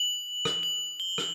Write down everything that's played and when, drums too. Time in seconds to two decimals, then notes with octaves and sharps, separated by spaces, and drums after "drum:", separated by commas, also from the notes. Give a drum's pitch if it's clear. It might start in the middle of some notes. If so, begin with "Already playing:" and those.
Already playing: F#7
0.45 drum: rim click
0.63 F#7
1.00 G7
1.18 drum: rim click